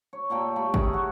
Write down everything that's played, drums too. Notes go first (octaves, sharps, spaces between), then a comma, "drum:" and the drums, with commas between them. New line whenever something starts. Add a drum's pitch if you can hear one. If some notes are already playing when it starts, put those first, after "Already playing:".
C#5
A#2 A#3 A4 G5
G3 A3 B5 C#6
D#3 G#4 A#4 E5, drum: kick
A3 F#4